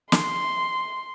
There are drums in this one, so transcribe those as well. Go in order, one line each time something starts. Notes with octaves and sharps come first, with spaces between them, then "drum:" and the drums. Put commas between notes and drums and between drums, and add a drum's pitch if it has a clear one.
C6, drum: snare